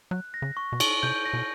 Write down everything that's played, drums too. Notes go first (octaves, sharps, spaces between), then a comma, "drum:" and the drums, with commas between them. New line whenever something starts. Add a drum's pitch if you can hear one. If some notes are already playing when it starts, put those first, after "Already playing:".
F#3 F#6
A#6
C#3
C#6
B2
C#6, drum: cymbal
C3 G6
A#6
B2